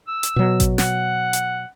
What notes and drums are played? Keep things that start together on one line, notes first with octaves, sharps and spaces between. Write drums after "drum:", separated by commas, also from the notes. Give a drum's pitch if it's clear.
E6
drum: hi-hat
B2 F#3
drum: kick A1, hi-hat
F#5, drum: snare
drum: hi-hat